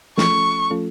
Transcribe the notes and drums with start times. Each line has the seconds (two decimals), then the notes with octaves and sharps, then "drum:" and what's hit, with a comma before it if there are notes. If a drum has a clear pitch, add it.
0.18 F3 A3 C#4 F4 A4 C#6, drum: snare
0.70 F3 A3 C#4 F4 A4